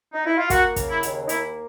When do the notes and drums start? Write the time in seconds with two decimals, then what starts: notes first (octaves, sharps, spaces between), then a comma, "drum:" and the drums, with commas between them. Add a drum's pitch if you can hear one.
0.14 D#4
0.26 E4
0.37 F4
0.50 A#3 F#4, drum: kick, hi-hat
0.76 C#3, drum: kick, hi-hat
0.89 E4
1.03 D#2, drum: hi-hat
1.25 D#4
1.29 A#3 E4, drum: hi-hat